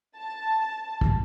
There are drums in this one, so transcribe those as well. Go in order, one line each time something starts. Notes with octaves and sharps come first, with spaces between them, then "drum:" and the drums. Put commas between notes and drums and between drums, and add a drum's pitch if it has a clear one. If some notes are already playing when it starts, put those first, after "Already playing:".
A5
drum: kick